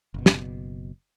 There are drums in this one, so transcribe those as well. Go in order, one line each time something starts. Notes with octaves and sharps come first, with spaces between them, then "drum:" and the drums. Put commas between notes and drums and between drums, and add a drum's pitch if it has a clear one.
F#1 B2
drum: snare